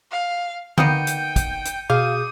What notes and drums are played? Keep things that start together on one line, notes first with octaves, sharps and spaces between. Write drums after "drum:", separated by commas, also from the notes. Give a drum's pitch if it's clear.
F5
D#3 A#3 B3 G5 G6 C#7 D#7, drum: tom D3
drum: hi-hat
drum: kick, hi-hat
drum: hi-hat
B2 G#4 F5 D6 D#6 G6